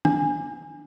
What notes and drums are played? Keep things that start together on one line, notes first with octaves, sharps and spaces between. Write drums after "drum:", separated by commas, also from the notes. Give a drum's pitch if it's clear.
D4, drum: tom